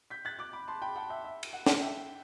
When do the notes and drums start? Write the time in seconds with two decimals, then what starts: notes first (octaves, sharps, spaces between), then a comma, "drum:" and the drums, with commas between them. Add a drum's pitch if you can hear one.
0.10 G6 B6
0.25 F#6 A6
0.39 D6 F#6
0.53 B5 D6
0.68 A5 C6
0.82 G5 B5
0.96 F#5 A5
1.10 E5 G5
1.25 E5
1.43 drum: cymbal
1.53 F#5
1.66 drum: snare
1.81 E5 G5